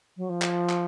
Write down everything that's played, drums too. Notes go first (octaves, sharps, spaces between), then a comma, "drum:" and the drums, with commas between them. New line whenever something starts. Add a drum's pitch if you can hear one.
F#3
F3
drum: clap
drum: clap